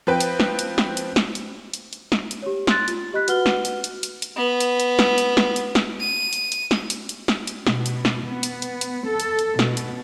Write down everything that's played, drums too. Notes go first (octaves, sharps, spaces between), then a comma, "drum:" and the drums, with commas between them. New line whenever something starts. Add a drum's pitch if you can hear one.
F3 C4 B4 G5
drum: hi-hat
drum: snare
drum: hi-hat
drum: snare
drum: hi-hat
drum: snare
drum: hi-hat
drum: hi-hat
drum: hi-hat
drum: snare
drum: hi-hat
G4 C#5
C6 F#6 A6, drum: snare
F4, drum: hi-hat
G4 D#5 B5 F#6 B6
F#4 B4 F#5 F6 G7, drum: hi-hat
drum: snare
drum: hi-hat
drum: hi-hat
drum: hi-hat
drum: hi-hat
B3
drum: hi-hat
drum: hi-hat
drum: snare
drum: hi-hat
drum: snare
drum: hi-hat
drum: snare
D#7
drum: hi-hat
drum: hi-hat
drum: snare
drum: hi-hat
drum: hi-hat
drum: snare
drum: hi-hat
B2, drum: snare
drum: hi-hat
drum: snare
B3
drum: hi-hat
drum: hi-hat
drum: hi-hat
A4
drum: hi-hat
drum: hi-hat
B2, drum: snare
drum: hi-hat